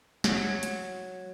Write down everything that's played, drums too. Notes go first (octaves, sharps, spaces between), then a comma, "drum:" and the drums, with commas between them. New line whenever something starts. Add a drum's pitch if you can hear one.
F#3, drum: snare
drum: hi-hat